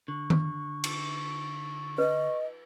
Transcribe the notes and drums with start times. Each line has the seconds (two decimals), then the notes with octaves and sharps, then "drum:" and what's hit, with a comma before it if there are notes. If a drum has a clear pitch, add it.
0.08 D3 C#6
0.30 drum: tom D#3
0.84 drum: cymbal
1.98 B4 D#5